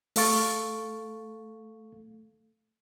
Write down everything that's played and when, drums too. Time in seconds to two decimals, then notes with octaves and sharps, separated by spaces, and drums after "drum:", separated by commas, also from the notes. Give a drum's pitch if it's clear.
0.16 A3 A4 F5 C#6 A6, drum: open hi-hat